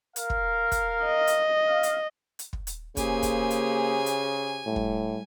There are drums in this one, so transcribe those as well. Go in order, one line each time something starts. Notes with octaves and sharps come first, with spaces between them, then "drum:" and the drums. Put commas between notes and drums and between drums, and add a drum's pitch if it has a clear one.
A#4 F5, drum: hi-hat
drum: kick
drum: kick, hi-hat
D#5
drum: hi-hat
F5
drum: hi-hat
drum: hi-hat
drum: kick
drum: hi-hat
C#3 A#3 G4 G#4 C5 G#5, drum: kick, hi-hat
drum: kick, hi-hat
drum: hi-hat
drum: hi-hat
A2 G3
drum: kick